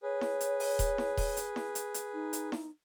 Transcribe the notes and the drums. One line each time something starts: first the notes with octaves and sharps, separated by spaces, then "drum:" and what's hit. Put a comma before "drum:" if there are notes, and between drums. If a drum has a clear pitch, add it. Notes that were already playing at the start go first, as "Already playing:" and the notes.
G#4 B4 C#5
drum: snare E4
drum: hi-hat
drum: open hi-hat
drum: kick D#1, hi-hat
drum: snare E4
drum: kick D#1, open hi-hat
drum: hi-hat
drum: snare E4
drum: hi-hat
drum: hi-hat
D#4
drum: hi-hat
drum: snare E4